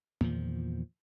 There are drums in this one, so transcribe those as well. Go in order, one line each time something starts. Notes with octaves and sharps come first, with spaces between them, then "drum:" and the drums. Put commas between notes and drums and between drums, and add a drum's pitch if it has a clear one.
E2 A#2 D#3 F3, drum: tom A#3